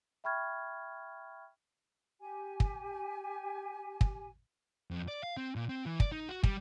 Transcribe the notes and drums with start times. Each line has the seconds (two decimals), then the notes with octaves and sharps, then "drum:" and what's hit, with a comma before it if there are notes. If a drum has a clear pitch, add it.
0.24 E5 G5 B5 C#6 F6 G#6
2.20 G4 G#5
2.60 drum: kick
4.01 drum: kick
4.91 F2
5.08 D5
5.23 F5
5.37 C4
5.56 A#2
5.69 C4
5.86 E3
6.00 D5, drum: kick
6.12 D#4
6.29 F#4
6.43 G3, drum: kick